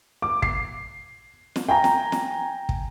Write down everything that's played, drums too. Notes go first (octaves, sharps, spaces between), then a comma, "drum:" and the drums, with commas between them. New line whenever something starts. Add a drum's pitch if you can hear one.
D6
C7, drum: kick
drum: snare
G5 G#5 A#5
drum: snare
drum: snare
drum: kick